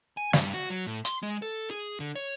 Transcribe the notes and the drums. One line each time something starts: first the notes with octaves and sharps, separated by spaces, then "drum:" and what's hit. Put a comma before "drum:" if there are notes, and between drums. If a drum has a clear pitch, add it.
G#5
G2, drum: snare
F#4
F#3
A2
C6, drum: hi-hat
G#3
A4
G#4
D3
C#5